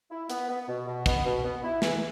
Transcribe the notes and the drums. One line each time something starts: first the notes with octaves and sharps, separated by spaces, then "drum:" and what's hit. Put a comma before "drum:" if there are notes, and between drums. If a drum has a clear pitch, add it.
E4
B3, drum: hi-hat
B3
B2
B2
B3, drum: kick, hi-hat
B2
B3
E4
E3, drum: snare